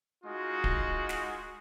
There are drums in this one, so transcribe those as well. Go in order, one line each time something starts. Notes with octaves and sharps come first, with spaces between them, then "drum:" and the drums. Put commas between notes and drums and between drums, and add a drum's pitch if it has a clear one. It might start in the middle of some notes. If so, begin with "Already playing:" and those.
G#3 D#4 F4 F#4
drum: kick D1
drum: snare